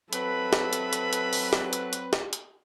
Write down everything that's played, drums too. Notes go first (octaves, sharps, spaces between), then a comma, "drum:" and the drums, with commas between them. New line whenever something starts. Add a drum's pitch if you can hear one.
F#3 C4 A4 B4 E5 B5, drum: hi-hat
drum: snare
drum: hi-hat
drum: hi-hat
drum: hi-hat
drum: open hi-hat
drum: snare
drum: hi-hat
drum: hi-hat
drum: snare
drum: hi-hat